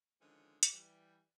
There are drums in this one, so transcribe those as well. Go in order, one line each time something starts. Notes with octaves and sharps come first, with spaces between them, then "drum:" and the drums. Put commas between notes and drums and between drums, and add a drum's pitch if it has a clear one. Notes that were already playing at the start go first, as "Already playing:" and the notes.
D3 D#3 F3 G#3 C#4
drum: hi-hat
E3 G3